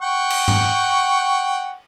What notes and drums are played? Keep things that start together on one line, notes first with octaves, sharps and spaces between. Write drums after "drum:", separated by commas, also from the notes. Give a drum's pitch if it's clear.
F#5 G5 C#6
drum: cymbal
drum: tom G#2